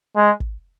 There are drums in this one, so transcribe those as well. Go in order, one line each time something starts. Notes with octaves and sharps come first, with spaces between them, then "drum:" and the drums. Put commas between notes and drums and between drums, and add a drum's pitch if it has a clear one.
G#3
drum: kick